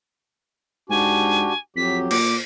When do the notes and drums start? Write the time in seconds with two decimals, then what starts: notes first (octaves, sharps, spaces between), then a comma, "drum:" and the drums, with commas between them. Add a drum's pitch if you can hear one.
0.90 G#2 D4 F#4 G4 G#5
1.76 F2 F#3 G4 B6
2.11 A#2 D6, drum: cymbal